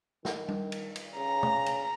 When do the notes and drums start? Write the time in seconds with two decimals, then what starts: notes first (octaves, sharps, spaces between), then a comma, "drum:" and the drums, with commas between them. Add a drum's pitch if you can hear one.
0.25 D#3, drum: snare
0.48 drum: tom G3
0.72 drum: cymbal
0.96 drum: cymbal
1.16 C#3 A#5
1.43 drum: tom
1.66 drum: cymbal